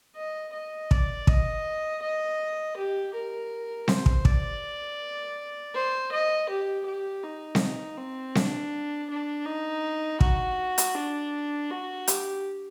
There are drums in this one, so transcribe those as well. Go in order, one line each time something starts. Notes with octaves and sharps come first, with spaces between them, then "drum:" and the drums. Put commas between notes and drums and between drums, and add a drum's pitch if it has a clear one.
D#5
D#5
D5, drum: kick
D#5, drum: kick
D#5
G4
A#4
C5, drum: snare C4
drum: kick
D5, drum: kick
C5
D#5
G4
G4
D#4
drum: snare C4
C4
D4, drum: snare C4
D4
D#4
F#4, drum: kick
drum: hi-hat
D4
F#4
G4, drum: hi-hat